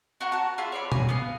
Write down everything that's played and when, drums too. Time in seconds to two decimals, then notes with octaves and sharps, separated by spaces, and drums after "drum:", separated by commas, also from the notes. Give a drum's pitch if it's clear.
0.21 F#4 A#4 F#5
0.32 A5 A#5
0.58 F4 G#4 E5 B5
0.72 C#5 D5 B5
0.92 G#5 A#5, drum: tom B2
1.09 B3 F5